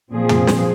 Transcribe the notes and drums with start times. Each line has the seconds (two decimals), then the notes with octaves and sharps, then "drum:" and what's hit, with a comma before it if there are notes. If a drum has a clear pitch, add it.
0.11 A#2 F3 C4 G#4
0.29 drum: tom
0.47 drum: snare